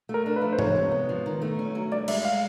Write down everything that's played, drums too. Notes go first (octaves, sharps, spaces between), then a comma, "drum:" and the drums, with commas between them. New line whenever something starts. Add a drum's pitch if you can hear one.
A3
A#4
D4
B4
F3
C5
C3 C#5, drum: tom
G#3
B3
F3
D#3
A3
C#4
F#3
G2 D5
G#3 E5, drum: cymbal
F5